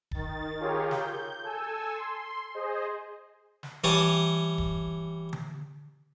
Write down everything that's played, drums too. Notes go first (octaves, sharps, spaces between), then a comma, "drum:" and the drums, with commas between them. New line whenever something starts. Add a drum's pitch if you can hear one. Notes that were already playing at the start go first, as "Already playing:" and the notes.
D#3 A6, drum: kick D#1
F4 G4 G#4 A#4 C#5
G6, drum: snare
A4 G#5 E6
C6
G#4 C5 D#5
drum: snare
E3 G3 C#5 A5 D6 D#6
drum: kick D#1
drum: tom D3